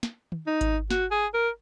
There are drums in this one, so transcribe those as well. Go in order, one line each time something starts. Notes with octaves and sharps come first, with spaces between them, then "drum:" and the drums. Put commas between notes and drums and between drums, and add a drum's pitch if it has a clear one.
drum: snare
drum: tom
D#4
drum: kick G#1, hi-hat
F#4, drum: snare
G#4
A#4